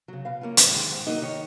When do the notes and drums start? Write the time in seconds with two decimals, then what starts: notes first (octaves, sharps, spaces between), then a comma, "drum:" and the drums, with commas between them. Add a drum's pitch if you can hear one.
0.08 C#3 F#3
0.25 B2 F5
0.41 A#3 C#4 F4
0.57 G#2, drum: hi-hat
0.74 D#3 G#3
0.90 G#2
1.06 F#3 A#3 D#4 D#5
1.22 D#3 C#5